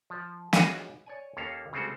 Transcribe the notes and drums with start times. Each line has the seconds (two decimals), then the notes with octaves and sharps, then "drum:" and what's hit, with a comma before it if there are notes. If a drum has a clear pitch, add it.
0.10 F3
0.53 F4 F#4 G#4 C#5 D#5, drum: snare
1.06 C#5 D5 G#5
1.37 D#2 A#3 C#4 A4 F5
1.73 C#3 G3 G#3 C4 F#4 A4